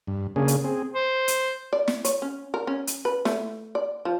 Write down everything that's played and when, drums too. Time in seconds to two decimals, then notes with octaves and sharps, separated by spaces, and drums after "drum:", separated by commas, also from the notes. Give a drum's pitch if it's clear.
0.07 G2
0.36 C#3 A#3 C#4 D4 G#4
0.48 drum: hi-hat
0.64 C4 G#4
0.93 C5
1.28 drum: hi-hat
1.73 D5
1.88 drum: snare
2.05 C#5, drum: hi-hat
2.22 C#4
2.54 A#4
2.67 C#4
2.87 drum: hi-hat
3.05 B4
3.25 A3, drum: snare
3.75 D5
4.05 F3